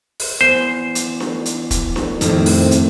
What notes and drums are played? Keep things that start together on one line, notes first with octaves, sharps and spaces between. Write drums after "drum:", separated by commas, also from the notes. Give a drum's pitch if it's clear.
drum: open hi-hat
E2 C5
drum: hi-hat
drum: snare D4
drum: hi-hat
drum: kick E1, hi-hat
drum: snare D4
F2 A2 D#3 C4, drum: hi-hat
drum: open hi-hat
drum: hi-hat